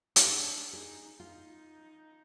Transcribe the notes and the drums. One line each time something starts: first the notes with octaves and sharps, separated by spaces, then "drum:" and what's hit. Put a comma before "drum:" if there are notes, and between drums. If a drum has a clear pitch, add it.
G4, drum: hi-hat
D4 G#4
D#4 G#4
D#4 F4